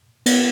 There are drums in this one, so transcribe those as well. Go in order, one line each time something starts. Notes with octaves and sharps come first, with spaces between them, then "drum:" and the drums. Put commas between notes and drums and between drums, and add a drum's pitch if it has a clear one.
B3, drum: cymbal